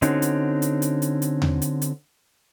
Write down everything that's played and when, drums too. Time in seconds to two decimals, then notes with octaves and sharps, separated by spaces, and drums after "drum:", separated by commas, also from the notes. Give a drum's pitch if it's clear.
0.02 D3 C4 C#4 D#4 F#4, drum: hi-hat
0.22 drum: hi-hat
0.62 drum: hi-hat
0.82 drum: hi-hat
1.02 drum: hi-hat
1.22 drum: hi-hat
1.42 drum: tom D#2
1.62 drum: hi-hat
1.82 drum: hi-hat